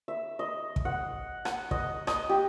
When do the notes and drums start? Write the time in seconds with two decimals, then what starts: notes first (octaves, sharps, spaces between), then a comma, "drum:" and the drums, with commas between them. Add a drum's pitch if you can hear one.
0.08 E5
0.39 D#5
0.76 drum: kick
0.85 F#5
1.45 F#5, drum: rim click
1.71 D#5, drum: kick
2.07 D#5, drum: rim click
2.29 G4